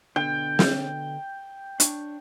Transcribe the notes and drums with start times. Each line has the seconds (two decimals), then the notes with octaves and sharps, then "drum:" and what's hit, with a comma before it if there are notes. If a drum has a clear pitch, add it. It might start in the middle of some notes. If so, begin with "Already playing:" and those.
0.16 B2 D3 G5
0.59 drum: snare
1.80 D4 C#5, drum: hi-hat